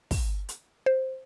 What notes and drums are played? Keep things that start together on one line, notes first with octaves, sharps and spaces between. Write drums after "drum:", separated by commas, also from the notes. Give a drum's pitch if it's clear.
drum: kick, open hi-hat
drum: hi-hat
C5